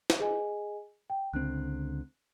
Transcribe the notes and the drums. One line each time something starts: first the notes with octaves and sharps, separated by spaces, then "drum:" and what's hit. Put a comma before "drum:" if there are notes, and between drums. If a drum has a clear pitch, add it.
drum: snare
G#4 D#5 G#5
G5
C#2 D3 C4 F#6